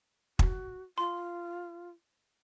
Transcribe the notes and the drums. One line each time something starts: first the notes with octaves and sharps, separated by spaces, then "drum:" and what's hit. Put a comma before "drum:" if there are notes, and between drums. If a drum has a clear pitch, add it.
F#4, drum: kick
F4 C6